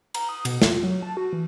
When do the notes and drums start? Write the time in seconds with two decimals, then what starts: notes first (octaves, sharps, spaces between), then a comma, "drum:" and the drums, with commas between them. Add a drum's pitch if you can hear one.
0.14 A#5, drum: cymbal
0.29 D#6
0.45 B2, drum: cymbal
0.62 F4, drum: snare
0.83 F#3
1.03 A5
1.17 F#4
1.33 E3